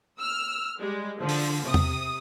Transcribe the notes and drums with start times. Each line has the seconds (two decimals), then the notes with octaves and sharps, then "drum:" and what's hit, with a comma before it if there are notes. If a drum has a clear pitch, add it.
0.19 E6 F6
0.80 G3 G#3
1.19 D3 F3
1.29 drum: open hi-hat
1.65 C3 D#6
1.74 drum: tom E2